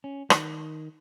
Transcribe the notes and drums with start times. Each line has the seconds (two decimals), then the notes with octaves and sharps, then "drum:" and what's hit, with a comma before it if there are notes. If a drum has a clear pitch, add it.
0.04 C#4
0.30 D#3, drum: rim click